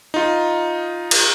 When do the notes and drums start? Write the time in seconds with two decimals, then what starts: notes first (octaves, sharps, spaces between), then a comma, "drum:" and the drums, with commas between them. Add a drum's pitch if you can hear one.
0.14 D#4 F4
1.11 drum: cymbal